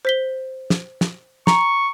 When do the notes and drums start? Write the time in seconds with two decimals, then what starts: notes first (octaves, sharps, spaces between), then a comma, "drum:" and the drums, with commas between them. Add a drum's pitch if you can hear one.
0.05 C5 B6 G7
0.70 drum: snare
1.01 drum: snare
1.47 A#5 C#6, drum: snare